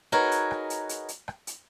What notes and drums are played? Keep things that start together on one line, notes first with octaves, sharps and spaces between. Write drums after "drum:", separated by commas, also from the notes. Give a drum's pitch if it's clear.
D#4 F#4 G#4 A#4 B4 C#5, drum: rim click
drum: hi-hat
drum: rim click
drum: hi-hat
drum: hi-hat
drum: hi-hat
drum: rim click
drum: hi-hat